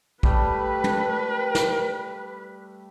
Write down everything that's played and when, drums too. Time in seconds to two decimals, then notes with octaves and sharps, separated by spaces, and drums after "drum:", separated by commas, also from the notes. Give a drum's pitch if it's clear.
0.23 G3 A3 B4, drum: kick
0.84 drum: tom
1.55 drum: snare